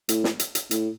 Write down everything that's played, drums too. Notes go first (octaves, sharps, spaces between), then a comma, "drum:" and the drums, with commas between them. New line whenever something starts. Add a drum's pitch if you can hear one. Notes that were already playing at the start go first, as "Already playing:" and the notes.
A2, drum: hi-hat
drum: snare
drum: hi-hat
drum: hi-hat
A2, drum: hi-hat